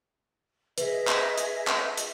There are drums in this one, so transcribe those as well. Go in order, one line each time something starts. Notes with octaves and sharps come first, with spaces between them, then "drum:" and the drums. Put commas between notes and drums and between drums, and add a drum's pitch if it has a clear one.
G#4 B4 D#5 E5, drum: hi-hat
drum: clap
drum: hi-hat
drum: clap
drum: hi-hat